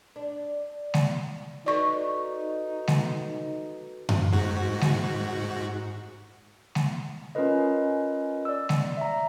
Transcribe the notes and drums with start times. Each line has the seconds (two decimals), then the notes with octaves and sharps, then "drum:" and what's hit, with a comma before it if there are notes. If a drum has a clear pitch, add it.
0.16 D4
0.94 drum: snare G#3
1.66 D#4 F#4 A4 B4 D5 C#6
2.88 drum: snare G#3
4.09 drum: tom F#2
4.33 G#2 F#4
4.81 drum: snare G#3
6.75 drum: snare G#3
7.35 C#4 F4 A#4 B4 D#5
8.45 D5 E6
8.69 drum: snare G#3
8.97 E5 A#5